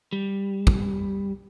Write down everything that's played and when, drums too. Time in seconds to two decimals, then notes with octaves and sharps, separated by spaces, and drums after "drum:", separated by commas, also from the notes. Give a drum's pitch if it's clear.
0.13 G3
0.67 drum: kick